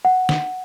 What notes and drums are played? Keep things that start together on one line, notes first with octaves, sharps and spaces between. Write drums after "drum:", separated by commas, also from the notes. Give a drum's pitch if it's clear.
F#5
drum: snare